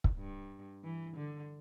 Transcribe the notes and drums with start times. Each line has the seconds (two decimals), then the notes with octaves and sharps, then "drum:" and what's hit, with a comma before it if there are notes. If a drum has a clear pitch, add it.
0.04 drum: kick
0.17 G2
0.83 E3
1.16 D3